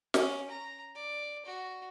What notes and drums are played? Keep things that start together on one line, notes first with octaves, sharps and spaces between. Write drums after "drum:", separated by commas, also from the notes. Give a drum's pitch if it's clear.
C#4, drum: snare
A#5
D5
F#4